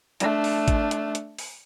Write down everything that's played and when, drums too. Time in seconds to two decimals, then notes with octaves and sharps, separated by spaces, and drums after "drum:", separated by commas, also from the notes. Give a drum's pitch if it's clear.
0.20 A3 D4, drum: hi-hat
0.44 drum: open hi-hat
0.68 drum: kick, hi-hat
0.91 drum: hi-hat
1.15 drum: hi-hat
1.39 drum: open hi-hat